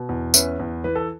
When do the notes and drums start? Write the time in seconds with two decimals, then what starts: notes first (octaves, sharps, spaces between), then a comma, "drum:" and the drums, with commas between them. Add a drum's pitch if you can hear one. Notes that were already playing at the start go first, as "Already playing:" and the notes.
Already playing: B2
0.09 E2
0.34 C#4 B4 E5, drum: tambourine
0.60 E2
0.84 E3 B4
0.95 A4